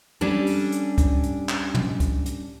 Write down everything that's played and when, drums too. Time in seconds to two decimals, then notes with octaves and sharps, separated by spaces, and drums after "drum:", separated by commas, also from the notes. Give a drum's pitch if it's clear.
0.21 G3 C#4 D4 A4
0.47 drum: open hi-hat
0.72 drum: hi-hat
0.98 drum: kick, hi-hat
1.23 drum: hi-hat
1.49 drum: clap
1.74 drum: tom
2.00 drum: kick, hi-hat
2.26 drum: hi-hat